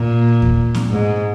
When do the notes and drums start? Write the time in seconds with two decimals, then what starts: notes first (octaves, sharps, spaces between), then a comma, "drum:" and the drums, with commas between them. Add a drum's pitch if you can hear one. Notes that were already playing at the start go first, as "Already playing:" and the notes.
Already playing: A#2
0.42 drum: kick D#2
0.75 drum: snare C4
0.91 G#2